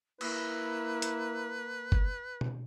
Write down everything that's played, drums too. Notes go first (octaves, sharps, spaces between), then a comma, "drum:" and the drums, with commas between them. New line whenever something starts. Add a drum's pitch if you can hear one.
A#3 E4 B4, drum: cymbal
drum: hi-hat
drum: kick
drum: tom B2